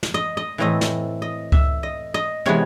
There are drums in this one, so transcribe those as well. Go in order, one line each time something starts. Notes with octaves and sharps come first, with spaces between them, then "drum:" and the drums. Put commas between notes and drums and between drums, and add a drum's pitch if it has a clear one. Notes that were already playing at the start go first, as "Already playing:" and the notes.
drum: snare
D#5
D#5
A2 E3 A3 C4 D#5
drum: snare
D#5
E5, drum: kick C#2
D#5
D#5
C3 E3 G#3 B3 C#5